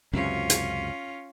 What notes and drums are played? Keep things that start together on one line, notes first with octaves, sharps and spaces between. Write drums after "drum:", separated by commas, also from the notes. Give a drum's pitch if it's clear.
C#2 F#2 C3 C#4 F4
drum: hi-hat